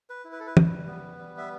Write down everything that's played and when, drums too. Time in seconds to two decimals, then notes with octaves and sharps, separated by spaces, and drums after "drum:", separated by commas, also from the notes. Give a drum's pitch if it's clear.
0.10 B4
0.25 E4
0.32 B4
0.40 A4
0.47 B4
0.57 G3, drum: tom
0.87 B3
1.18 G3
1.38 E5